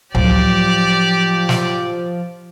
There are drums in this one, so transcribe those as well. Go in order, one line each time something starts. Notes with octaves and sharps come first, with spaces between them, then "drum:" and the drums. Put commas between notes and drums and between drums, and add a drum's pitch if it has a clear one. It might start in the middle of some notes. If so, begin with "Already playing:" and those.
A2 F3 F#3 G4 D5, drum: tom C#2
drum: snare